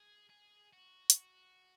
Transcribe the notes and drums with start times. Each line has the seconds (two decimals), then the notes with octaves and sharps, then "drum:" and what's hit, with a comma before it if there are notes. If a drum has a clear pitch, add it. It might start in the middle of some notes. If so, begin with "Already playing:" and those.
Already playing: G#4
0.30 G#4
0.73 F#4
1.10 drum: hi-hat